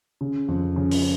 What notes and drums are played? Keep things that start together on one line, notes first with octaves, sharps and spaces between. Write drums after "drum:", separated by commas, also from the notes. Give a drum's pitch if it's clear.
C#3
F2
C#3
drum: open hi-hat